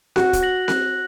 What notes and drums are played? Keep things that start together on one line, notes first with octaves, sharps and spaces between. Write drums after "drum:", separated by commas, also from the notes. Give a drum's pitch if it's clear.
F#4 F#6, drum: snare C4
drum: kick, hi-hat
A#6 F#7
F#6, drum: snare C4